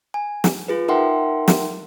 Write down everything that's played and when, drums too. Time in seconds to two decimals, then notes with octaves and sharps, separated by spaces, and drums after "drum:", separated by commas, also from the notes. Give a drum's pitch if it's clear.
0.14 G#5
0.44 drum: snare
0.68 F4 G#4 B4
0.88 D#4 A#4 E5 F#5 G5 C6
1.48 drum: snare